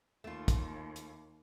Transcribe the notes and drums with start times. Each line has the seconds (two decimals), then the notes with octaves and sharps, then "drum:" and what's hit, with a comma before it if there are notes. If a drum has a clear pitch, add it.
0.24 D#2 A3 F4
0.48 drum: kick, hi-hat
0.96 drum: hi-hat